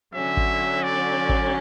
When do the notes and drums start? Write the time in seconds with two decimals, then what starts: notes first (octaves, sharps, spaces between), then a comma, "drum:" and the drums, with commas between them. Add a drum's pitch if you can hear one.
0.14 D3 F#3 C#4 E5
0.37 drum: kick G#1
0.83 D5
1.29 drum: kick G#1